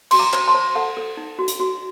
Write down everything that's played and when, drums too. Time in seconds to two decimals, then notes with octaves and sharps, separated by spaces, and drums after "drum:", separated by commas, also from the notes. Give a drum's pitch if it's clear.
0.11 F#4 C6, drum: cymbal
0.19 A#5 D6
0.33 C5, drum: clap
0.48 A5 C6
0.54 C5
0.75 A4 F#5 A5
0.97 A4
1.17 D#4
1.39 F#4
1.48 drum: hi-hat
1.60 F#4